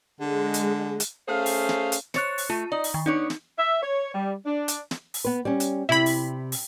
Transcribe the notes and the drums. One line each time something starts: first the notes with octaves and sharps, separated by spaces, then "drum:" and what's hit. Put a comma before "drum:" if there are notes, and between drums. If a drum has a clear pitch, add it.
D3 G#3
drum: hi-hat
drum: hi-hat
A3 C#4 G#4 C5 F5
drum: open hi-hat
drum: snare
drum: hi-hat
C5 C#5 F#6 A6 C#7, drum: snare
drum: open hi-hat
A3 F4
D#4 D5
drum: open hi-hat
D#3
B3 D4 D#4 C#5
drum: snare
E5
C#5
G3
D4
drum: hi-hat
drum: snare
drum: open hi-hat
B3 B4
G3 C#4
drum: hi-hat
C3 E4 B5
drum: open hi-hat
drum: open hi-hat